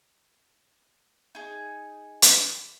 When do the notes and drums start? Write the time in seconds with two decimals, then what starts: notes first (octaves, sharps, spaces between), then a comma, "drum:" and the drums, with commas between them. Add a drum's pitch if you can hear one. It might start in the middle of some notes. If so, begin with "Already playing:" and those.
1.35 D#4 G#4
2.22 drum: hi-hat